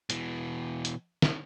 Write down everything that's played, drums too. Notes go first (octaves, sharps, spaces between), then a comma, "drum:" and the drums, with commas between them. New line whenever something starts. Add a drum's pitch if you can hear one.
B2 E3, drum: hi-hat
drum: hi-hat
drum: snare